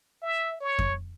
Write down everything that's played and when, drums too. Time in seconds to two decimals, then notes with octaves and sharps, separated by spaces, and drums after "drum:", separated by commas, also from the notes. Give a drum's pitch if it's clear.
0.22 E5
0.61 C#5
0.79 drum: kick F2